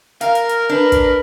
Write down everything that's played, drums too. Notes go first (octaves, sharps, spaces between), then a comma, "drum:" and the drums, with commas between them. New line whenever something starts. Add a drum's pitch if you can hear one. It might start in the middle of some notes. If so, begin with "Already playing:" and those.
A#4 F5, drum: hi-hat
drum: hi-hat
drum: hi-hat
D4 B4
drum: kick, hi-hat